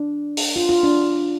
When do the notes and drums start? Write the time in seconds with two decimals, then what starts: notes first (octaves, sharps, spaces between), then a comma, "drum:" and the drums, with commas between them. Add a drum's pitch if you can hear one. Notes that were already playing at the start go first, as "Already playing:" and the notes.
Already playing: D4
0.37 drum: open hi-hat
0.56 F4
0.69 F4
0.83 D4